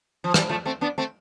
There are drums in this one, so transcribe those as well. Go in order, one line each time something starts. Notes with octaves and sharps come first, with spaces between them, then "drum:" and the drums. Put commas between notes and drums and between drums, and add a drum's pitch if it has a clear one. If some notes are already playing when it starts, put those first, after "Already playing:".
F3
E3 G3, drum: rim click
F3 A3
A3 C4
B3 D4
A3 C4